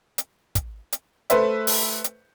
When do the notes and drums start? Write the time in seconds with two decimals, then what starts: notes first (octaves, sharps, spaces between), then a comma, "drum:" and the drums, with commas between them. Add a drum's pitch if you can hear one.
0.18 drum: hi-hat
0.55 drum: kick, hi-hat
0.92 drum: hi-hat
1.30 A3 B4 C5 E5, drum: hi-hat
1.67 drum: open hi-hat
2.04 drum: hi-hat